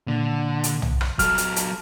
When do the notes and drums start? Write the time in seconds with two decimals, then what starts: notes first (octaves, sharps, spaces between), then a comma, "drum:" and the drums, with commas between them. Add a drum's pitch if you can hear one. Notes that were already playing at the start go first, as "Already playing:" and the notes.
0.08 A#2 D3
0.64 drum: hi-hat
0.82 drum: tom
1.01 drum: rim click
1.19 F#3 A4 F6, drum: kick, hi-hat
1.38 drum: hi-hat
1.56 drum: hi-hat